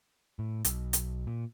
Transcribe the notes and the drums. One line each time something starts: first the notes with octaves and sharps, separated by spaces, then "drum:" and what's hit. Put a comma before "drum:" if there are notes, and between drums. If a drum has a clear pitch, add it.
A2
B1, drum: hi-hat
drum: hi-hat
A#2